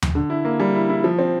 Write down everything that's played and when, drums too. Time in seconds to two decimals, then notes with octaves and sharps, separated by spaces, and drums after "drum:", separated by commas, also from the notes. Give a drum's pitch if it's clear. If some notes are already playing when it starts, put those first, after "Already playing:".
0.02 drum: tom D#2
0.15 D3
0.30 E4
0.45 A#3
0.60 G3
0.75 E4
0.89 E4
1.04 F3
1.19 C4